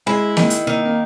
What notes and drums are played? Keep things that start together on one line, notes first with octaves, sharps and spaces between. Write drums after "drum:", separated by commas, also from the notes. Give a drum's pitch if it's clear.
G#3 E4 G#4
D#3, drum: snare A#3
drum: hi-hat
D#3 A#3
A#3